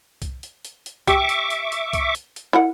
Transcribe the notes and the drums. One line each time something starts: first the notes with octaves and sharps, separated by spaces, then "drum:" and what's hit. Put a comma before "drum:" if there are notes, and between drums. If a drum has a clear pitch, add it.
drum: kick C2, hi-hat
drum: hi-hat
drum: hi-hat
drum: hi-hat
G4 E5 C#6 D6, drum: kick C2, hi-hat
drum: hi-hat
drum: hi-hat
drum: hi-hat
drum: kick C2, hi-hat
drum: hi-hat
drum: hi-hat
E4 A#4 F#5